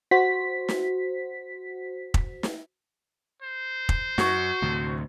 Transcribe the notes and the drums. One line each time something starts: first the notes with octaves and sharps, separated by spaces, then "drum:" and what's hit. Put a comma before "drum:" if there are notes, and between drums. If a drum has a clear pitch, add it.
F#4 C5 B6
drum: snare
drum: kick
drum: snare
C5
drum: kick
F#2 F#4 C#6, drum: snare
D2 A2 C3